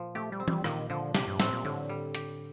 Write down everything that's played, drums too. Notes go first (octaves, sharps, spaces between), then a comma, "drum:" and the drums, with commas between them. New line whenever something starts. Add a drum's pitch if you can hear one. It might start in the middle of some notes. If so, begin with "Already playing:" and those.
Already playing: A#2 F3
A3 G4
G3
C4
G3, drum: tom
A#2 D#3, drum: rim click
D3 F3
C3 G4, drum: snare
G2
A2 C4, drum: snare
A#2
A2 D3
G3
G4, drum: hi-hat